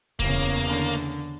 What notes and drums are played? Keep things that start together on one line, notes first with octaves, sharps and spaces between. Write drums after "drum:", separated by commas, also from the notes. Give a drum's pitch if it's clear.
E2 C#3 A#3, drum: kick D1
D3